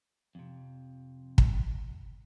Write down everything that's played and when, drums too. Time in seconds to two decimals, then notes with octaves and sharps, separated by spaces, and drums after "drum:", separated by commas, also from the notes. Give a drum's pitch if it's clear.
0.35 F2 C3
1.38 drum: kick